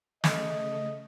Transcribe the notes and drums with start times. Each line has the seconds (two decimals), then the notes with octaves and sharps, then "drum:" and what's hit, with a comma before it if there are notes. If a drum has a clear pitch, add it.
0.24 C#3 A3 D#5, drum: snare